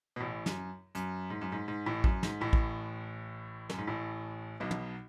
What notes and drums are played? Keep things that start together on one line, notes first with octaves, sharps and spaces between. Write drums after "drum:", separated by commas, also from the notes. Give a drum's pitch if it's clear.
B2
A1 A2
F#2, drum: snare
F#2, drum: hi-hat
G#2
F#2
G#2
G#2
A1 A2
F#2, drum: kick A1
G#2, drum: snare
A1 A2
drum: kick A1
F#2, drum: snare
G#2
A1 A2
B1 B2
drum: tom